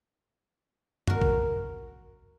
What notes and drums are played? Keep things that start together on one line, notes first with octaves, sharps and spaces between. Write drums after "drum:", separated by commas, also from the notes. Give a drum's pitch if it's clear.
F#4 A#4, drum: tom F#2
drum: kick A#1